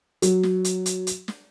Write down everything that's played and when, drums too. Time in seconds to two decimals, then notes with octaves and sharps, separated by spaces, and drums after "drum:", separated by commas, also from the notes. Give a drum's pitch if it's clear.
0.22 F#3, drum: hi-hat
0.43 drum: snare
0.64 drum: hi-hat
0.86 drum: hi-hat
1.07 drum: hi-hat
1.28 drum: snare